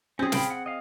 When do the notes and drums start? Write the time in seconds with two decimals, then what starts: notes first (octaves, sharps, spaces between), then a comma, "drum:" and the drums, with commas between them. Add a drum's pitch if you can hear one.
0.19 C4 C#4 G#4
0.32 F5 G5 B5, drum: snare
0.50 F#5
0.66 D#5 F5